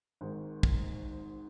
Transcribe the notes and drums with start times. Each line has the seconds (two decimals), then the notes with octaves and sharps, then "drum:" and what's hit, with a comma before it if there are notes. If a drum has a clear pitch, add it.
0.21 G#1 G#2 D#3
0.63 drum: kick